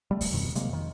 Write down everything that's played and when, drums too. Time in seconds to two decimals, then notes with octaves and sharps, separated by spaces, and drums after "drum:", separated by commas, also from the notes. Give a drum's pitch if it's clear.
0.11 G3 A3
0.21 drum: kick D2, open hi-hat
0.32 F2 B2 D#3
0.55 C3 F#3 G#3 A#3, drum: hi-hat
0.69 F2 D#3